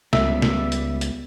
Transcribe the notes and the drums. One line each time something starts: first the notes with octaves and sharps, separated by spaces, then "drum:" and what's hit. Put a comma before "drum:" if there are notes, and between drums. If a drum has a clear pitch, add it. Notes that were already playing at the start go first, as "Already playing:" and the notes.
C#2 G3 B3 E5, drum: snare
drum: snare
drum: hi-hat
drum: hi-hat